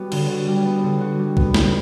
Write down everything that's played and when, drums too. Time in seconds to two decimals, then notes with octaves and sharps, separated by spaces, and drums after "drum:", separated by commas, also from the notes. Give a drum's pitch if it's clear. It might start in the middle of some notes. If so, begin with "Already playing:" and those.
Already playing: G3 B3 F#4
0.12 D3, drum: cymbal
0.30 F#4
0.47 G3
0.65 B3
0.84 D3
1.01 F#4
1.19 G3
1.37 B3, drum: kick B1
1.54 D3, drum: snare